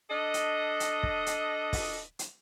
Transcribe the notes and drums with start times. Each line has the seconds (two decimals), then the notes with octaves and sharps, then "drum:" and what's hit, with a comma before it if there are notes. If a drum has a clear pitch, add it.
0.11 D4 A4 D#5
0.34 drum: hi-hat
0.80 drum: hi-hat
1.03 drum: kick
1.26 drum: hi-hat
1.73 drum: kick, open hi-hat
2.19 drum: hi-hat